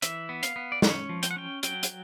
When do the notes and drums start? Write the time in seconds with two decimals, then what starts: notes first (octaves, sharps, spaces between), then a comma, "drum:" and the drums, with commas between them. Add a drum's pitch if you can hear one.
0.02 E3 E5, drum: hi-hat
0.29 B3
0.43 F5, drum: hi-hat
0.56 B3
0.72 D5
0.82 C#4 C#5, drum: snare
1.09 F3
1.23 G5, drum: hi-hat
1.31 F#5
1.36 C#4 G5
1.63 F#3 G5, drum: hi-hat
1.83 drum: hi-hat